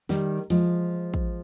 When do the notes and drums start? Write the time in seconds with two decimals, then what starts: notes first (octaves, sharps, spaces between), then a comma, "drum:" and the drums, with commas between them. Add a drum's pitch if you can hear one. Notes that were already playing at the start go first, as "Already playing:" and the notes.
0.09 D#3 G3, drum: snare
0.50 F3 G#3, drum: open hi-hat
1.14 drum: kick